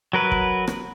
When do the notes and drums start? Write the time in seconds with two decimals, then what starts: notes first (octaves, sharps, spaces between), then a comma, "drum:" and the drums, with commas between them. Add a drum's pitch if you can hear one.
0.13 F#3 A#4 B4
0.31 drum: kick
0.68 drum: rim click